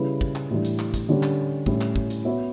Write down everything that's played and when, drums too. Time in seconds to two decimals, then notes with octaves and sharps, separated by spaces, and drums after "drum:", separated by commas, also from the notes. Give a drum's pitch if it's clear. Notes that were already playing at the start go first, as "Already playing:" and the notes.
Already playing: C#3 G3 C#4 E4 B4
0.21 drum: kick
0.36 drum: clap
0.50 A2 E3 G3 D4
0.65 drum: hi-hat
0.79 drum: clap
0.94 drum: kick, hi-hat
1.09 D3 G3 C#4 G4
1.23 drum: clap
1.66 A2 G3 C#4, drum: kick
1.81 drum: clap
1.96 drum: kick
2.10 drum: hi-hat
2.25 B3 F#4 C#5 E5